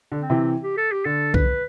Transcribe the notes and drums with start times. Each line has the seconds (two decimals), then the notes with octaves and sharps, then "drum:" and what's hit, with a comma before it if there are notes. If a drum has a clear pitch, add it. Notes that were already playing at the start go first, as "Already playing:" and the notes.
0.12 D3
0.21 C4
0.30 C3 E3
0.63 G4
0.78 A4
0.92 G4
1.05 D3 A4
1.34 B4, drum: kick C2